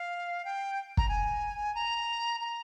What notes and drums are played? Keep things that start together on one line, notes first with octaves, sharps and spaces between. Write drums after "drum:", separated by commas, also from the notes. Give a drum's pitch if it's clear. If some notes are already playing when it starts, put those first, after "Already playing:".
Already playing: F5
G5
A#5, drum: kick
G#5
A#5
A#5